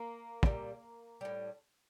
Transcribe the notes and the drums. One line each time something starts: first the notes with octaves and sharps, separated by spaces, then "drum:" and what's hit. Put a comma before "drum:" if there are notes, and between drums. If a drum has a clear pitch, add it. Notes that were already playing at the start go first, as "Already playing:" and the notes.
Already playing: A#3
A#2 G3, drum: kick
A2 G3